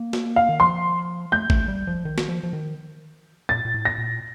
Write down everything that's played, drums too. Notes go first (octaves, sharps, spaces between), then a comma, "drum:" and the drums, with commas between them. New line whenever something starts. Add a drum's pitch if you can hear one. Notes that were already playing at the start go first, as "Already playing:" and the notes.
Already playing: A#3
drum: snare
F5
D#3
F3 C6
A3 G6
A3, drum: kick A1
G3
F3
D#3
drum: snare
F3
F3
D#3
A#2 A6
A#2
A2
A#6
A#2